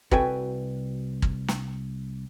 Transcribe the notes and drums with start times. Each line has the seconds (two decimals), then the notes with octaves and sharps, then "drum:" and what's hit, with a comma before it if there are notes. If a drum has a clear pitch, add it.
0.11 C2 F#4 A4 B4 G5 G#5, drum: kick
1.22 drum: kick
1.48 drum: snare